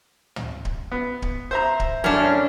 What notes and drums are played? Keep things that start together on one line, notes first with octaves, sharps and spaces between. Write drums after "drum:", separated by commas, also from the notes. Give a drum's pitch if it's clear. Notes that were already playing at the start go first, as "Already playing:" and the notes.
drum: tom
drum: kick D1
B3
drum: kick D1
C5 E5 A#5
drum: kick D1
F#2 A2 C#4 D4